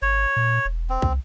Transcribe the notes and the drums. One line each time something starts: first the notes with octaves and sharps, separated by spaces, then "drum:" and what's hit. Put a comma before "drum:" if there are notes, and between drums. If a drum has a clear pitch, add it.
G#1 C#5
A#2
E1
C4
C2, drum: kick